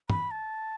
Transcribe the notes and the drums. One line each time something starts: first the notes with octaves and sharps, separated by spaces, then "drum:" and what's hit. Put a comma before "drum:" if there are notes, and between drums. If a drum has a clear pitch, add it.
B5, drum: tom
A5